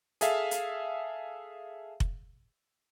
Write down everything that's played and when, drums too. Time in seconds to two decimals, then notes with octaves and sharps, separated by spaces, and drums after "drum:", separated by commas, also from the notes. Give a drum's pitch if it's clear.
0.21 G#4 A4 E5 F5, drum: hi-hat
0.51 drum: hi-hat
2.00 drum: kick F1